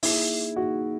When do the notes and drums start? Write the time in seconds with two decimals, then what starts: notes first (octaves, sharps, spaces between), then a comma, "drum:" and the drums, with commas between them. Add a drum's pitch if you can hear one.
0.03 A#3 D#4 E4 G#4, drum: open hi-hat
0.56 A#3 D#4 F#4 G#4